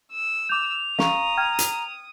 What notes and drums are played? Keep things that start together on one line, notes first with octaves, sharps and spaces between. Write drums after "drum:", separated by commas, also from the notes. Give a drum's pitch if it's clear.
E6
D6 G6 F7
F5 A#5 C#6 D#6, drum: snare
G5 F6 G#6
drum: hi-hat